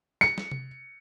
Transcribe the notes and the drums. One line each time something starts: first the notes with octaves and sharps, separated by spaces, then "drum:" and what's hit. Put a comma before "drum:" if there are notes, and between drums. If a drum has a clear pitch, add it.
C#7, drum: snare
drum: snare
drum: tom C3